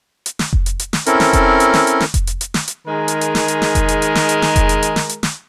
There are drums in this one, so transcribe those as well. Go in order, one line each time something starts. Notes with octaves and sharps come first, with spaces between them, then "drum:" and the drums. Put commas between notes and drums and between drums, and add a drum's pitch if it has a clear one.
drum: hi-hat
drum: snare
drum: kick F1
drum: hi-hat
drum: hi-hat
drum: snare
C4 C#4 E4 A4 A#4, drum: hi-hat
drum: snare
drum: kick F1, hi-hat
drum: hi-hat
drum: snare
drum: hi-hat
drum: snare
drum: kick F1, hi-hat
drum: hi-hat
drum: hi-hat
drum: snare
drum: hi-hat
D#3 G#3 G#4 A#4
drum: hi-hat
drum: hi-hat
drum: snare
drum: hi-hat
drum: snare
drum: kick F1, hi-hat
drum: hi-hat
drum: hi-hat
drum: snare
drum: hi-hat
drum: snare
drum: kick F1, hi-hat
drum: hi-hat
drum: hi-hat
drum: snare
drum: hi-hat
drum: snare